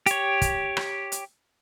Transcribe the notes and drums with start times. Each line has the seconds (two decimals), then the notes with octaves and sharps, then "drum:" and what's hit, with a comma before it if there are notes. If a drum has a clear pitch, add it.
0.06 G4 C#5, drum: hi-hat
0.42 drum: kick, hi-hat
0.77 drum: rim click
1.12 drum: hi-hat